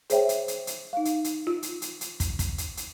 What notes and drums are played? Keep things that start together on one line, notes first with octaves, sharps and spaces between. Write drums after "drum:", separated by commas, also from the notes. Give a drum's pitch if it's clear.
G#4 C5 C#5 E5 G5, drum: hi-hat
drum: hi-hat
drum: hi-hat
drum: hi-hat
D#4 F5
drum: hi-hat
drum: hi-hat
F4
drum: hi-hat
drum: hi-hat
drum: hi-hat
drum: kick, hi-hat
drum: kick, hi-hat
drum: hi-hat
drum: hi-hat